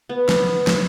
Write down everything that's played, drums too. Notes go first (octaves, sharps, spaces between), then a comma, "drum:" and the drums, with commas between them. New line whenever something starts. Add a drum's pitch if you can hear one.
B3
drum: snare
drum: snare